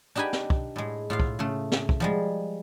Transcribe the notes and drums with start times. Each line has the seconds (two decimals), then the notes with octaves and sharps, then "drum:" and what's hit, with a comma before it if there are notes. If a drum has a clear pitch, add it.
0.15 D4 D#4 G4 B4 G#5 B5
0.33 drum: snare
0.50 drum: kick
0.76 A2 G#3
1.10 A2 F4 F5
1.20 drum: kick
1.39 C#3 A3
1.72 drum: snare
1.89 drum: kick
2.00 F3 G3 G#3